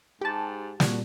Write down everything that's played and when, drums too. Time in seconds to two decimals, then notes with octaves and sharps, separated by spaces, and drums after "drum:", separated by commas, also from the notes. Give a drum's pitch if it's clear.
0.21 G#2 G4 A5
0.80 A#2 G3 C4 F#4, drum: snare